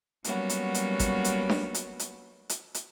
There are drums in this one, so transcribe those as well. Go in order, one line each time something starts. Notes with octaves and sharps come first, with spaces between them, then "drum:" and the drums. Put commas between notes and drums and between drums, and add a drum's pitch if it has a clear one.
F#3 G3 A#3 B3 C#4 F#4, drum: hi-hat
drum: hi-hat
drum: hi-hat
drum: kick G#1, hi-hat
drum: hi-hat
drum: snare D4
drum: hi-hat
drum: hi-hat
drum: hi-hat
drum: hi-hat